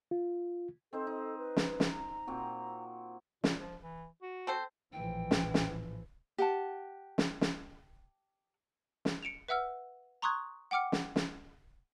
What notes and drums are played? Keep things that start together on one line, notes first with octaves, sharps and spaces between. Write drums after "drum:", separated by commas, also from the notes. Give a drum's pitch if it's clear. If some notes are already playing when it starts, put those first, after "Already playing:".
F4
C4 D#4 A4 C5
D#4
B4
drum: snare
drum: snare
A#5
A#2 C4 F#4
A#2, drum: snare
F3
E3
F#4
C4 A4 C5
A#1 A2 E3 F3 G5
drum: snare
drum: snare
G4 F#5 A5
drum: snare
drum: snare
drum: snare
C#7 D7 E7 F7
B4 E5 F#5 E6 F6
A#5 C6 C#6 D#6 F#6 G#6
F#5 G5 D6 F6 C#7
drum: snare
drum: snare